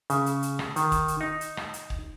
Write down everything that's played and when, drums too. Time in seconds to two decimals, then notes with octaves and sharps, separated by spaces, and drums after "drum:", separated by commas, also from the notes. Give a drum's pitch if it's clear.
0.10 C#3, drum: hi-hat
0.26 drum: hi-hat
0.43 drum: hi-hat
0.59 drum: rim click
0.76 D#3, drum: hi-hat
0.92 drum: kick, hi-hat
1.08 drum: hi-hat
1.21 D#4
1.41 drum: hi-hat
1.57 drum: rim click
1.74 drum: hi-hat
1.90 drum: kick